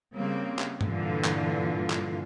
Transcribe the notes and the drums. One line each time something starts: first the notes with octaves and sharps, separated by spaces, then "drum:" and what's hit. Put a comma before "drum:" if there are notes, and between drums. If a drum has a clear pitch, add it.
C#3 G3 A#3 C4
drum: clap
G2 A#2 D3 E3 F4, drum: tom G2
drum: clap
drum: clap